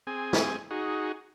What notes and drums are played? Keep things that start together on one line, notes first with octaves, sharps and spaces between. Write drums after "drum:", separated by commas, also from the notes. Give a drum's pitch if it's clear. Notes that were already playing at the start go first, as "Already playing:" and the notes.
C4 G#4 G#5
drum: snare
D#4 F#4 G#4